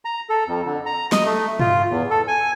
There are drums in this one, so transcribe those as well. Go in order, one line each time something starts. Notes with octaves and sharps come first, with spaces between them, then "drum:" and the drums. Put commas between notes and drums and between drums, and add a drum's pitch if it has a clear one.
A#5
A4
F2
D3
A#5
D#5, drum: snare
A3
F4, drum: tom
E2
A4
G#5